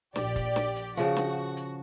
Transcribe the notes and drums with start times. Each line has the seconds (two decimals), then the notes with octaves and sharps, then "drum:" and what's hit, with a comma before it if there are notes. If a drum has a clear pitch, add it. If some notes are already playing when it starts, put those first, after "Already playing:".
0.16 A#1 G4 D5, drum: snare
0.36 drum: kick, hi-hat
0.56 drum: snare
0.76 drum: hi-hat
0.97 C#3 F3 F#4, drum: hi-hat
1.17 drum: snare
1.57 drum: hi-hat